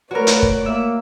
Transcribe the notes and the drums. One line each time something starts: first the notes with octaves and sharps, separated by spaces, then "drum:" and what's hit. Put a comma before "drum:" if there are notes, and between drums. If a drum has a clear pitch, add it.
A3 F#4 A#4 B4 C#5 D5
drum: hi-hat
drum: kick
A#3 E5